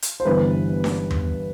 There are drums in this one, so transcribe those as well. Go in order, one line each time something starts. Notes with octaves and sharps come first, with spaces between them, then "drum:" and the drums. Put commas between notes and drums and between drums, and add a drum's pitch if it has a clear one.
drum: hi-hat
C5
G1 G2 E3 G3 B3 B4
drum: snare C#4
drum: tom E2